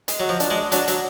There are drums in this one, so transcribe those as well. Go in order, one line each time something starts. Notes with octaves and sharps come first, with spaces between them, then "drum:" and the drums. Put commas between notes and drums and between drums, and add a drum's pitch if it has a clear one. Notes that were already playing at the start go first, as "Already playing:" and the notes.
G#3, drum: hi-hat
F#3
F3
D4, drum: hi-hat
G#3
F#3 D4, drum: hi-hat
F#3, drum: hi-hat